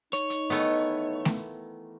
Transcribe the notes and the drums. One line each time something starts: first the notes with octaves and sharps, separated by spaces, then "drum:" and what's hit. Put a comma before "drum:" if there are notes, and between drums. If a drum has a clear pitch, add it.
D#4 C#5, drum: hi-hat
drum: hi-hat
D#3 E3 A3 B3
drum: snare A3